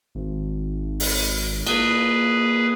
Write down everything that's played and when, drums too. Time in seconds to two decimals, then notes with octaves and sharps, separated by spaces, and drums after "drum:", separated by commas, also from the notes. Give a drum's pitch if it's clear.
0.15 G#1
1.00 drum: open hi-hat
1.67 A#3 G#4 B4, drum: cymbal